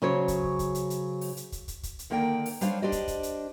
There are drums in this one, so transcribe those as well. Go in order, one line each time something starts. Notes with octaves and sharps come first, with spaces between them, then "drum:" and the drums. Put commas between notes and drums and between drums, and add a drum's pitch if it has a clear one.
C#3 F#3 C5 C#5
drum: kick, hi-hat
drum: kick
drum: kick, hi-hat
drum: hi-hat
drum: hi-hat
drum: open hi-hat
drum: hi-hat
drum: kick, hi-hat
drum: kick, hi-hat
drum: kick, hi-hat
drum: hi-hat
D3 D#3 A#3 A#4 D5 G5
drum: open hi-hat
G3 D4 C5 C#5 F5, drum: hi-hat
D4 G4 C5 D5 D#5
drum: kick, hi-hat
drum: kick, hi-hat
drum: hi-hat